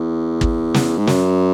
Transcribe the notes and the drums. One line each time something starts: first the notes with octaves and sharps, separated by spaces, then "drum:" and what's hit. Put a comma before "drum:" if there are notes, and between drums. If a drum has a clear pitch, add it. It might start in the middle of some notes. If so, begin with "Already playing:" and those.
Already playing: E2
drum: kick
drum: snare
G#2
F#2, drum: snare